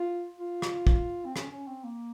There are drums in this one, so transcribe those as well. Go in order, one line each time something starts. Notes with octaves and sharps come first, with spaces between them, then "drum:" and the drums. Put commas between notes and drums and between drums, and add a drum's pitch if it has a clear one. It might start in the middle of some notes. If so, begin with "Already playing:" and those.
Already playing: F4
F4
drum: rim click
drum: kick
C4
C#4, drum: rim click
C#4
C4
A#3